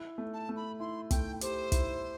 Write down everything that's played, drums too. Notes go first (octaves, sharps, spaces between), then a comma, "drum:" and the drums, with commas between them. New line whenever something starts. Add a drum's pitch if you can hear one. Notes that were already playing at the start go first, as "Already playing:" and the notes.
Already playing: E4
A3
A5
A3
B5
E4 C6
A3 G5, drum: kick, hi-hat
G4 C5, drum: hi-hat
E4, drum: kick, hi-hat